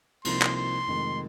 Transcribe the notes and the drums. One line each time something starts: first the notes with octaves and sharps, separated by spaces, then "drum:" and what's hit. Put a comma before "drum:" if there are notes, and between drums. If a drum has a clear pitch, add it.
C2 C3 F3 A#3 D#4 C6, drum: cymbal
drum: clap
C6
F1 F2 D#3 G#3